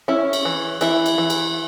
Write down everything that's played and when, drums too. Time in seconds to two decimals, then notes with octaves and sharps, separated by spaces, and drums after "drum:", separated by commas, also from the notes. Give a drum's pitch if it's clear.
0.08 C#4 E4
0.33 drum: cymbal
0.45 E3
0.81 E3 E4, drum: cymbal
1.06 drum: cymbal
1.18 E3
1.30 drum: cymbal